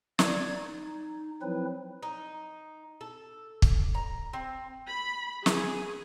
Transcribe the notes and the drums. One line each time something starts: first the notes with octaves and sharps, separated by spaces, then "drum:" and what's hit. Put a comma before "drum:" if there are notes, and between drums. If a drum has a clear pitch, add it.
D5 G#6, drum: snare
D#4
F3 F#3 C4 E4 B4
D#4
A4
drum: kick
A#5
C4
B5
G#4, drum: snare